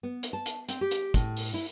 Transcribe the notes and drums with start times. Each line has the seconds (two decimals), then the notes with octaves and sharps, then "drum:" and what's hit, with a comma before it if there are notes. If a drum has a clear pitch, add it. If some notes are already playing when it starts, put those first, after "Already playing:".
0.03 B3
0.23 drum: hi-hat
0.33 A5
0.46 drum: hi-hat
0.68 C4, drum: hi-hat
0.81 G4
0.91 drum: hi-hat
1.14 A2, drum: kick, hi-hat
1.37 drum: open hi-hat
1.54 E4